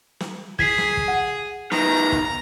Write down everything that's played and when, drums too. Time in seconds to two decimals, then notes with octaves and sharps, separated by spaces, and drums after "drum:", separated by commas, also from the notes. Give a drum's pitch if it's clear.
0.20 drum: snare
0.59 G#4 G#6 B6 C7, drum: kick
0.78 drum: snare
0.97 drum: kick
1.08 F#5
1.72 D#3 B3 A#5, drum: snare
2.12 drum: kick